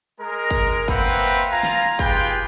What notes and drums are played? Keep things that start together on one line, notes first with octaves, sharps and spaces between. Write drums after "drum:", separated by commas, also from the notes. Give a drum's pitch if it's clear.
G#3 A#4
drum: kick, tambourine
A#3 C4 B4 E5 F#5 G5, drum: kick, tambourine
drum: tambourine
F4 F5 G#5 A#5
drum: snare
F4 G4 G#4 B4 G5, drum: kick, tambourine